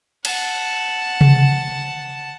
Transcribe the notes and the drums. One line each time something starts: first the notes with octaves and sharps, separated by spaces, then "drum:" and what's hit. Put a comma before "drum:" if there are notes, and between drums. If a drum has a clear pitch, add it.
F#5 A5, drum: cymbal
drum: tom C3